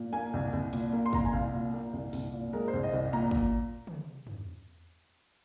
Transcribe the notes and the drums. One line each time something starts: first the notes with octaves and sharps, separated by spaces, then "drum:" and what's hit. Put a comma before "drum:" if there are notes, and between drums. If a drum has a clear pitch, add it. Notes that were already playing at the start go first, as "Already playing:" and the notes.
Already playing: A#2
A#3 G#5
C2
C2
A#2, drum: hi-hat
A#3
C6
C2 A#5, drum: kick
G#5
C2 F5
A#2
A#3
C2
C2, drum: open hi-hat
A#2
G#3 A#4
C5
C2
D#5
C2
A#2 A#5
drum: kick
drum: tom
drum: tom